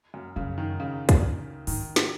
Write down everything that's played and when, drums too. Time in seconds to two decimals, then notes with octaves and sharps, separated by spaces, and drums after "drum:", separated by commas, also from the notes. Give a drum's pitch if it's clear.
0.14 F#2
0.36 F#2 C#3
0.58 D#3
0.80 C#3
1.09 drum: kick, hi-hat
1.67 G#2 D#3, drum: open hi-hat
1.96 drum: snare